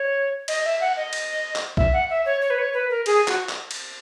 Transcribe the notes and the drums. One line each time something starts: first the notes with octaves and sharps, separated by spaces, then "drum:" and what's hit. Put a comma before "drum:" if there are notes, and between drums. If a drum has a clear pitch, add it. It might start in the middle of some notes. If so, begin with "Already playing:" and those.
Already playing: C#5
D#5, drum: cymbal
E5
F#5
D#5
drum: cymbal
drum: clap
E5, drum: kick B1
F#5
E5
C#5
C#5
B4
C#5
B4
A#4
G#4, drum: cymbal
F#4, drum: clap
drum: clap
drum: cymbal